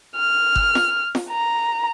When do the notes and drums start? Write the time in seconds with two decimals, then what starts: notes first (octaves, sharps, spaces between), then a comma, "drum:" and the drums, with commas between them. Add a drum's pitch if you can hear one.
0.16 F6
0.56 drum: kick G1
0.75 drum: snare F4
1.15 drum: snare F4
1.30 A#5